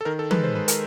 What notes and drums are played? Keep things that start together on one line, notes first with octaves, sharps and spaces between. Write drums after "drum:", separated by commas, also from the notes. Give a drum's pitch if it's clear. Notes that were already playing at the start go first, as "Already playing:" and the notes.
A4
D#3 A#4
A4
G#3 B4, drum: tom E3
C5
G#3 B4
A#4, drum: hi-hat